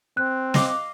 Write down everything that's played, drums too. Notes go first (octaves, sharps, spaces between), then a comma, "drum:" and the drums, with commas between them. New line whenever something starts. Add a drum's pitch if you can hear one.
C4 F#6
D#5 F5 D6, drum: snare